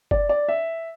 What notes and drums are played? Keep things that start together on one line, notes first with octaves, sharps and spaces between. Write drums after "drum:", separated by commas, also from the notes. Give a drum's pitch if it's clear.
D5, drum: kick F#1
D5
E5